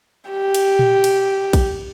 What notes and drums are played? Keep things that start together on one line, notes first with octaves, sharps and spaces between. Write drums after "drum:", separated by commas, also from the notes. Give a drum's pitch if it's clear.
G4
drum: cymbal
drum: tom A#2
drum: cymbal
drum: kick, cymbal